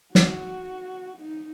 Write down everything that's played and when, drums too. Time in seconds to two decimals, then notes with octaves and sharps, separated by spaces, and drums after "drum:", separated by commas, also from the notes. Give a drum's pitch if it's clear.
0.15 F#4, drum: snare
1.18 D#4